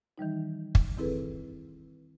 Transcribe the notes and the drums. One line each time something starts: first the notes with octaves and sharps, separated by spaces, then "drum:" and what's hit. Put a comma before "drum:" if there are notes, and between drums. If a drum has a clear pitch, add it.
D#3 E3 G3 D#4
drum: kick
D#3 C4 E4 G#4 A4 B4